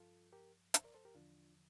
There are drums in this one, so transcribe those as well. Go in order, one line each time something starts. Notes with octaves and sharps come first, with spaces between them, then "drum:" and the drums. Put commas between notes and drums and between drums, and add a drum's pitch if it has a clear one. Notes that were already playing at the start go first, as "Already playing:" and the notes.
Already playing: G2 F3 F4 A4
G4 A#4
C5 E5, drum: hi-hat
A#4 D5
A4 C5
G4 A#4
E2 D3 F3 D4 F4